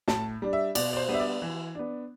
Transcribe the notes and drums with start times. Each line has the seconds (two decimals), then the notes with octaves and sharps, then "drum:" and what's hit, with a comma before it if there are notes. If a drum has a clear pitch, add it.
0.08 A2 A5, drum: snare
0.42 G3 D4
0.53 E5
0.75 B2 D5, drum: cymbal
0.93 D5
0.96 C5
1.08 G3 B3 D4
1.14 E5
1.20 D5
1.42 E3
1.75 B3 D4